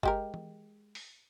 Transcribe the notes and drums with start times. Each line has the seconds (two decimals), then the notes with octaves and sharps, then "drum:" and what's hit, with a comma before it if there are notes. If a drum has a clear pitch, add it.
0.03 G#3 G4 A#4, drum: kick G1
0.34 drum: tom E3
0.95 drum: open hi-hat